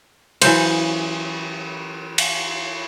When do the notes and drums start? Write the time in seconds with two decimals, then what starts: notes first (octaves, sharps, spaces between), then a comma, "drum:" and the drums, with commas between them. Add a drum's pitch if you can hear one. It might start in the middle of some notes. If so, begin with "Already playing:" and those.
0.42 E3 F#3 C#4 C5, drum: cymbal
2.18 drum: cymbal